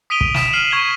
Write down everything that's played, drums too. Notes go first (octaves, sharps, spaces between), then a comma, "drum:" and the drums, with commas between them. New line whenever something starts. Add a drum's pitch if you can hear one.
D#6 B6 D7 D#7 F7 G7
drum: kick
B6 E7, drum: snare
F6 C7 D#7 F#7
C#6 G#6 F7 G7